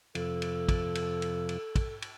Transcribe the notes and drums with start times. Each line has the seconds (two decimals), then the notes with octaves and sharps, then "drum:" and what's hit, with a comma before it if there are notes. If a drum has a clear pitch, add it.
0.15 F2 C3 F3 A4, drum: cymbal
0.42 drum: cymbal
0.69 drum: kick, cymbal
0.95 drum: cymbal
1.22 drum: cymbal
1.49 drum: cymbal
1.76 drum: kick, cymbal
2.02 drum: cymbal